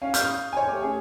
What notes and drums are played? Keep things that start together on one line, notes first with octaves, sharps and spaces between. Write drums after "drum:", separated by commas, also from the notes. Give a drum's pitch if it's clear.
C#4 F5
D#6 F6 G6, drum: hi-hat
C#5 G#5
A3 G4 D6
C#4 G#4